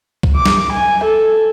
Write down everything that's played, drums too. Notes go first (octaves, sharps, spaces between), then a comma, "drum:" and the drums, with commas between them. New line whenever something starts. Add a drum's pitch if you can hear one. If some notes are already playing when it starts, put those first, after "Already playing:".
drum: kick C2
D6
drum: snare
G#5
A4